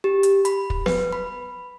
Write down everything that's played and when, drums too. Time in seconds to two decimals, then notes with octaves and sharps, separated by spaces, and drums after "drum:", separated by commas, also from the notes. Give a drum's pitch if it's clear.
0.04 G4
0.23 drum: hi-hat
0.45 B5, drum: hi-hat
0.70 drum: kick
0.86 B4, drum: snare B3
1.13 B5